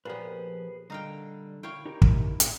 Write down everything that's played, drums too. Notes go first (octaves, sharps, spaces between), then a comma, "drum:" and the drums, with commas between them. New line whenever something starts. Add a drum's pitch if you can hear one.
A#2 F3 B3 G4 G#4 B4
D3 G3 D#4 F5 G5
E4 C#5 F5 G5
D#4 G4 A#4
drum: kick
drum: hi-hat